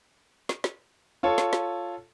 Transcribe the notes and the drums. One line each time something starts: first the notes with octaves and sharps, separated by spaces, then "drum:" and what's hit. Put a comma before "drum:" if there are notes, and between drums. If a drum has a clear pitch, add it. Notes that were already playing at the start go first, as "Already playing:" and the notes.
drum: snare
drum: snare
F4 A4 C#5
drum: snare
drum: snare